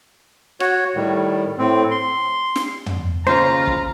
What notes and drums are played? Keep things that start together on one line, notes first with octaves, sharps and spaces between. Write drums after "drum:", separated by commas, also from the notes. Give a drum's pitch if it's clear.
F#4 C#5, drum: rim click
A2 D#3 G3
A2 C4
C6
drum: snare
drum: tom
D#2 C#3 F4 C5 A#5
drum: kick